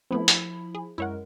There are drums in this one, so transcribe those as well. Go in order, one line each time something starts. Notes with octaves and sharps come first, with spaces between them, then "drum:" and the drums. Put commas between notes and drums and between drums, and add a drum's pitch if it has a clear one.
F3 A3 B3 C4 E4 B5
drum: hi-hat
G#4
F#2 G#3 E4 A#4 C#5 F#5